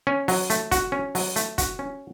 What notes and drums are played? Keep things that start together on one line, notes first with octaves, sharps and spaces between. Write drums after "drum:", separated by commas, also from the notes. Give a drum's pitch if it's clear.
C#4
F#3, drum: open hi-hat
A3, drum: hi-hat
F#4, drum: kick, hi-hat
C#4
F#3, drum: open hi-hat
A3, drum: hi-hat
F#4, drum: kick, hi-hat
C#4